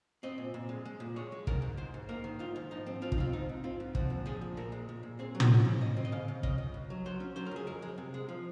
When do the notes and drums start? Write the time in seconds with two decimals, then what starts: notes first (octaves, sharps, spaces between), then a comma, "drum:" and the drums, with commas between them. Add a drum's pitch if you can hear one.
0.23 C4 D#5
0.38 A#2
0.54 A#2
0.69 G#3
0.85 G#3
1.00 A#2
1.16 G#3 C#5
1.32 G#3
1.47 G#2 A#4, drum: kick
1.62 G#2
1.77 G#2 C5
1.94 G#2
2.09 A#3 A#4
2.24 D#3
2.39 G#2 F4
2.56 G#2
2.71 F3 D#4
2.87 C4
3.02 C4 F4
3.12 D#4, drum: kick
3.18 C4 F4
3.33 G#2 D#4
3.49 G#2
3.64 C4 F4
3.80 G#2
3.95 F3 F#4, drum: kick
4.10 A#2
4.26 F3 G#4
4.41 A#2
4.57 A#2 A#4
4.72 G#3
4.89 A#2
5.03 A#2
5.19 C4 G#4
5.35 F#3
5.40 A#4, drum: tom
5.51 F2
5.65 C#3
5.81 C#3 D#5
5.97 C4
6.05 D#5
6.12 C#3 F5
6.28 C#3
6.43 C#3 D#5, drum: kick
6.58 C#2
6.74 C#2
6.90 F#3
7.06 F#3 C5
7.20 C#4
7.36 F#3 C5
7.46 A#4
7.51 C#2 G#4
7.67 F2 A#4
7.82 G#3
7.98 C3
8.14 G#3
8.29 F3